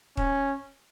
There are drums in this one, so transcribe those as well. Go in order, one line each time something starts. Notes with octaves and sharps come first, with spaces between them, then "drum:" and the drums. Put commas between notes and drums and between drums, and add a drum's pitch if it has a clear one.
C#4, drum: kick